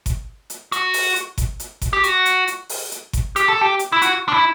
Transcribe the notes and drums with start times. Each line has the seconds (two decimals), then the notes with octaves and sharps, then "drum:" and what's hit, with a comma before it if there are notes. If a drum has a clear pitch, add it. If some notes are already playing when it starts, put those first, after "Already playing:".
0.06 drum: kick G1, hi-hat
0.50 drum: hi-hat
0.72 F#4, drum: hi-hat
0.94 drum: open hi-hat
1.16 drum: hi-hat
1.38 drum: kick G1, hi-hat
1.60 drum: hi-hat
1.82 drum: kick G1, hi-hat
1.93 G4
2.04 F#4, drum: hi-hat
2.25 drum: hi-hat
2.47 drum: hi-hat
2.69 drum: open hi-hat
2.91 drum: hi-hat
3.13 drum: kick G1, hi-hat
3.36 G4, drum: hi-hat
3.48 A4
3.61 G4
3.79 drum: hi-hat
3.92 E4
4.02 F#4, drum: hi-hat
4.28 D4
4.34 E4